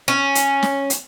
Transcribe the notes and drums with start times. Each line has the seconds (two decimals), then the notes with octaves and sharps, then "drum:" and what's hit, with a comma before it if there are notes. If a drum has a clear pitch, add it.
0.08 C#4
0.35 drum: hi-hat
0.63 drum: snare
0.90 drum: hi-hat